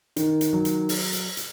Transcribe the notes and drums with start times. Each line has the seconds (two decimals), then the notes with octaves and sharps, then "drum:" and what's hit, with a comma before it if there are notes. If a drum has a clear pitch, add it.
0.16 D#3, drum: hi-hat
0.41 drum: hi-hat
0.53 F#3
0.65 drum: hi-hat
0.89 drum: open hi-hat
1.13 drum: hi-hat
1.37 drum: hi-hat